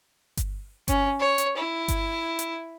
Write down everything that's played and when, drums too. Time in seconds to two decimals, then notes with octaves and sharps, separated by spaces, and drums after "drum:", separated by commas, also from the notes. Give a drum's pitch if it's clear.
0.37 drum: kick G1, hi-hat
0.88 C#4, drum: kick G1, hi-hat
1.19 C#5
1.38 drum: hi-hat
1.57 E4
1.88 drum: kick G1, hi-hat
2.39 drum: hi-hat